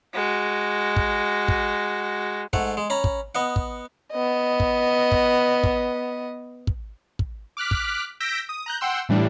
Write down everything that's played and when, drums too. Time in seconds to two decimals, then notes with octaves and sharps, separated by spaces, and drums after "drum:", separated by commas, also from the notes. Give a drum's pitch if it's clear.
0.14 G#3 F#4
0.96 drum: kick
1.48 drum: kick
2.53 G#2 A3 F#5, drum: kick
2.77 G#3
2.90 C#4 A#5 B5
3.04 drum: kick
3.35 B3 D#5 F#5
3.56 drum: kick
4.12 B3 D#5
4.60 drum: kick
5.12 drum: kick
5.64 drum: kick
6.67 drum: kick
7.19 drum: kick
7.57 D6 F6 F#6 B6
7.71 drum: kick
8.20 E6 G6 A#6 B6 D7
8.49 D#6
8.66 A#5 F#6 G6
8.81 F#5 G5 C6 E6
9.09 A2 E3 G3 D4